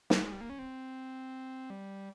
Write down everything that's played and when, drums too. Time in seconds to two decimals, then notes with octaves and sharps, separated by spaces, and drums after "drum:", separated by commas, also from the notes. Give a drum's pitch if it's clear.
0.10 drum: snare
0.23 G#3
0.32 G3
0.41 A#3
0.50 C#4
0.59 C4
1.70 G3